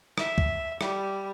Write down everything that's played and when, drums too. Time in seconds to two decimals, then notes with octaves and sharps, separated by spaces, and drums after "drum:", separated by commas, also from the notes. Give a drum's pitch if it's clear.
0.18 E5, drum: rim click
0.38 drum: kick
0.81 G3, drum: rim click